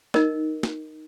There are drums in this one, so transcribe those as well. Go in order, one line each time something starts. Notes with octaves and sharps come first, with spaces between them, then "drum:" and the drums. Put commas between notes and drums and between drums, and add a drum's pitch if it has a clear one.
D#4 A#4 D#5, drum: snare
drum: snare